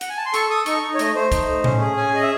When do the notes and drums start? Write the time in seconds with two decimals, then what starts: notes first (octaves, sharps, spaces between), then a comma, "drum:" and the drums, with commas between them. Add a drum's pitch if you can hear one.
0.01 F#5, drum: hi-hat
0.10 G#5
0.17 A5
0.26 C6
0.34 A4 C#6, drum: hi-hat
0.50 A4 D#6
0.66 D#4 C#6, drum: hi-hat
0.83 D#4
0.95 C#5
0.99 A3 D#5, drum: hi-hat
1.15 A3 C5
1.32 D#4, drum: kick, hi-hat
1.48 A3
1.64 C#4, drum: tom A2
1.80 G#4
1.97 C#4 G#5
2.13 G#4 D#5
2.22 E5